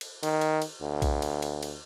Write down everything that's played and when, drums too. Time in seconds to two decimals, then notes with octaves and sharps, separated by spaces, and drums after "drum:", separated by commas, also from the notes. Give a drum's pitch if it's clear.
0.01 drum: cymbal
0.23 D#3, drum: cymbal
0.41 drum: cymbal
0.62 drum: cymbal
0.82 D2
1.02 drum: kick B1, cymbal
1.22 drum: cymbal
1.42 drum: cymbal
1.63 drum: cymbal